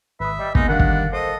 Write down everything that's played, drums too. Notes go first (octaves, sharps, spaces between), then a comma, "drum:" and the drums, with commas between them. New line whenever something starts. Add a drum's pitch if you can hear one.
G#1 B4 E5 D#6
G3 D#5
G#3 A#3 B3 D#4, drum: kick
D3 D#3 G3 D4 A#4 F5 F#5
drum: kick
A4 C5 D#5